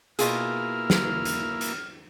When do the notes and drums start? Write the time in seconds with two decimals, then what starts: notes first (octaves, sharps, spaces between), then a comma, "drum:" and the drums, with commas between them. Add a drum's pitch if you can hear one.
0.19 B2 A#3 E4 F4 G#4 F6, drum: hi-hat
0.90 drum: snare
1.25 drum: hi-hat
1.61 drum: hi-hat